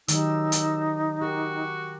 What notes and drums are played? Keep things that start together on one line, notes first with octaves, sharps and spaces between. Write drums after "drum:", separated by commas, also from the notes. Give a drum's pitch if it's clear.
D#3 F#3 D#4 G4 E6, drum: hi-hat
drum: hi-hat
F#4 G4 A#4